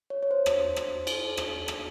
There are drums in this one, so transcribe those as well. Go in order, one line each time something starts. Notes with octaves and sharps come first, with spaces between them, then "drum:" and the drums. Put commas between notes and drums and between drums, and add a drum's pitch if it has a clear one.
C#5
C#5
C5
drum: rim click
drum: rim click
drum: cymbal
drum: rim click
drum: rim click